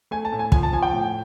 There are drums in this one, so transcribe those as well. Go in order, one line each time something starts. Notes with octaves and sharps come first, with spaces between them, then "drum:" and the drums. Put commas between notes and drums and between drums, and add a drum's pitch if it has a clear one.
A3 G#5
A5
A2
G#5
F3 G#5, drum: kick
A5
F3 G#5
G5
A2